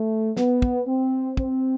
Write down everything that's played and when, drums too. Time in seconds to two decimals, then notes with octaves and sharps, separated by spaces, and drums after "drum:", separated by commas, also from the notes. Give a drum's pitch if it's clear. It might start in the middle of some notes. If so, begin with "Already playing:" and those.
Already playing: A3
0.37 B3, drum: snare
0.62 drum: kick
0.87 C4
1.37 C4, drum: kick